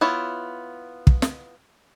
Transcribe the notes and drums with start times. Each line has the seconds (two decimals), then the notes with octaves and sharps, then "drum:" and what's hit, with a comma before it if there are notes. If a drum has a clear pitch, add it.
0.01 B3 E4 F4 C#5
1.07 drum: kick
1.22 drum: snare